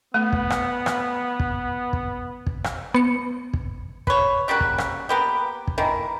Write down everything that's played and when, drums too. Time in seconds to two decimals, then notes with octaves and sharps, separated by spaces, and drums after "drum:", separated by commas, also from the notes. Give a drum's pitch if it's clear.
0.14 A3 B3
0.33 drum: kick
0.50 drum: rim click
0.86 drum: rim click
1.40 drum: kick
1.93 drum: kick
2.47 drum: kick
2.64 drum: rim click
2.94 B3 C#7
3.54 drum: kick
4.07 B4 C#5, drum: kick
4.48 C#3 G3 A#3 F#4
4.60 drum: kick
4.78 drum: rim click
5.09 A#3 B3 G4
5.67 drum: kick
5.78 D#3 E3 A#3